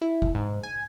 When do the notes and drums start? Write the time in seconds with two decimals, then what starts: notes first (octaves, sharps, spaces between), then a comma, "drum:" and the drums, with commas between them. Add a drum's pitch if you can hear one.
0.01 E4
0.22 drum: kick F1
0.35 G#2
0.63 G#5